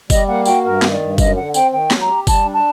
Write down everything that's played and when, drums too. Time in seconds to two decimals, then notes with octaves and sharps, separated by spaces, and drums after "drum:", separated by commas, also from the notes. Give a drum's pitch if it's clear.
0.10 G3 D#5, drum: kick F#1, tambourine
0.27 A#3 F#5
0.46 F#4 G5, drum: tambourine
0.64 G2 A#4
0.82 D#3, drum: snare
0.92 D5
1.00 G2
1.18 F#2 D#5, drum: kick F#1, tambourine
1.36 D3 F#5
1.54 C4 G5, drum: tambourine
1.72 D#3 G5
1.91 F#3, drum: snare
2.00 A#5
2.09 G4
2.27 G3 A5, drum: kick F#1, tambourine
2.45 D4
2.53 A5